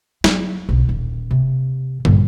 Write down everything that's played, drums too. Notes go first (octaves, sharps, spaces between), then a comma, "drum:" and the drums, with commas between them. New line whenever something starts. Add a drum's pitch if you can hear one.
F#3 B3, drum: snare
B1 D3
D#1
C3 A#3
A#1 G2, drum: tom